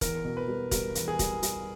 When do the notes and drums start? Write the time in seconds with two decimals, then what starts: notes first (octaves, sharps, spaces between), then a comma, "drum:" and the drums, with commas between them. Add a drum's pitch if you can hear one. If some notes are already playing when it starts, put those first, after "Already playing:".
0.01 E2 A#4, drum: kick, hi-hat
0.25 B2
0.37 B4
0.48 G3
0.71 G3 A#4, drum: kick, hi-hat
0.95 E2, drum: hi-hat
1.08 G#4
1.19 G3, drum: kick, hi-hat
1.43 G3, drum: hi-hat